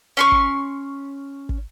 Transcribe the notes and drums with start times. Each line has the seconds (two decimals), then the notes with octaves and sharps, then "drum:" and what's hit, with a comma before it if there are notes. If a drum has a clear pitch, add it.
0.17 C#4 C6 C#6
0.32 drum: kick
1.49 drum: kick